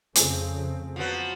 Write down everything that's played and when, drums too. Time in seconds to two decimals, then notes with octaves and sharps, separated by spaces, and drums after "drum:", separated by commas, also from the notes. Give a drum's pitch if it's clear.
0.16 F2 C#3 A3 C4 G#4, drum: hi-hat
0.96 F3 F#3 B3